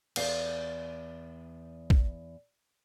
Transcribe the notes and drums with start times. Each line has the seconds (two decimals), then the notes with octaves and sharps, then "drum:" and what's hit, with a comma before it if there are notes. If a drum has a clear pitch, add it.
0.16 E2 F5, drum: cymbal
1.90 drum: kick